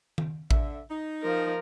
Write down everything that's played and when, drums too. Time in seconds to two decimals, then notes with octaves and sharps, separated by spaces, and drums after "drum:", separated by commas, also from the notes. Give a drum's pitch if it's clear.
0.18 drum: tom D#3
0.51 D3 E5, drum: kick A1
0.89 D#4
1.22 F3 A#4